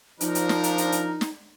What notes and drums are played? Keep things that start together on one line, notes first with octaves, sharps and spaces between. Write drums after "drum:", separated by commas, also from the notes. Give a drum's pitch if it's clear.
F3 D4 D#4 A#4, drum: hi-hat
drum: hi-hat
drum: snare
drum: hi-hat
drum: hi-hat
drum: hi-hat
drum: snare